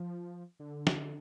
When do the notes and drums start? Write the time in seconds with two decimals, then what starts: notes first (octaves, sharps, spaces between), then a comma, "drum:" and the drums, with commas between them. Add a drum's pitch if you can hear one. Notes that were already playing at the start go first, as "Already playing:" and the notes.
Already playing: F3
0.60 D3
0.87 drum: snare